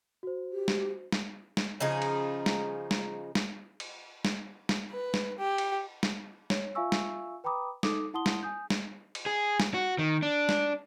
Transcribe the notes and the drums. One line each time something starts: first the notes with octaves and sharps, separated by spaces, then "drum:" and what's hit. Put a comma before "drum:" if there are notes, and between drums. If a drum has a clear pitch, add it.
F#4 C5
G4
drum: snare
drum: snare
drum: snare
C#3 F3 D#4 G#4
drum: cymbal
drum: snare
drum: snare
drum: snare
drum: cymbal
drum: snare
drum: snare
B4
drum: snare
G4
drum: cymbal
drum: snare
C#5, drum: snare
F4 E5 F5 G#5 C#6 E6
drum: snare
B4 G5 A#5 B5 D6 D#6
D#4 A4 D6 D#6, drum: snare
E4 F#5 A5 C6 D#6 G7
drum: snare
G#5 D#6 G6
drum: snare
drum: cymbal
G#4
drum: snare
F#4
D#3
D4
drum: snare